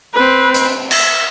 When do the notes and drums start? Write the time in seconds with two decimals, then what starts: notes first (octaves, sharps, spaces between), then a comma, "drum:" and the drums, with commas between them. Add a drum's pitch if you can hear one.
0.13 C4 B4
0.54 drum: hi-hat
0.91 E5, drum: cymbal